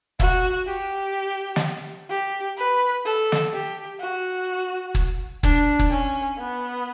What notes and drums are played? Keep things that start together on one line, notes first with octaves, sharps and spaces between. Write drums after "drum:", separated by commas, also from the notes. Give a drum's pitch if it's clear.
F#4, drum: kick
G4
drum: snare
G4
B4
A4
drum: snare
G4
F#4
drum: kick
D4, drum: kick
drum: kick
C#4
B3